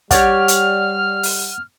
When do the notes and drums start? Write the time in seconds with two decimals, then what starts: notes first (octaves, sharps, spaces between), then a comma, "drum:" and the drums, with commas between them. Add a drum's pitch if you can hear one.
0.11 G3 G4 C#5 D5 F#5 F6, drum: kick, hi-hat
0.48 drum: hi-hat
1.23 drum: open hi-hat